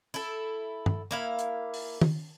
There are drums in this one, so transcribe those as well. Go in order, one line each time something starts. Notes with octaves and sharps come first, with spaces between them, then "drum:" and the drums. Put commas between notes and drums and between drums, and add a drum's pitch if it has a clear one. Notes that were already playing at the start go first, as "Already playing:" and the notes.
E4 A4
drum: tom G2
A#3 E4 F5
drum: hi-hat
drum: open hi-hat
drum: tom D#3